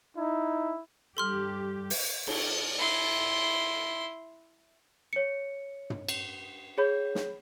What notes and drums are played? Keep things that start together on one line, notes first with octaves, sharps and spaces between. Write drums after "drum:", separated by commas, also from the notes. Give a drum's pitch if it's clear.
D#4 E4
G2 G3 G4 A4 C6 F6
drum: open hi-hat
drum: cymbal
E4 C6
C#5 C#7
drum: tom
drum: cymbal
G#4 C#5 B5 G6
drum: snare